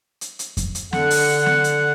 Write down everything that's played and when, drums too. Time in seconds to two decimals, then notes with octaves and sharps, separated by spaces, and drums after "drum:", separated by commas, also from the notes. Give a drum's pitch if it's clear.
0.21 drum: hi-hat
0.39 drum: hi-hat
0.57 drum: kick F2, hi-hat
0.75 drum: hi-hat
0.93 D3 F#5, drum: snare
1.10 drum: open hi-hat
1.46 drum: snare
1.64 drum: hi-hat